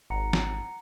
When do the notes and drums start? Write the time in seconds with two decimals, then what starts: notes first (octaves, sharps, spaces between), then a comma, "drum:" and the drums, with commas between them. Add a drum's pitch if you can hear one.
0.10 G#1 F#5 A#5 C#7
0.33 drum: snare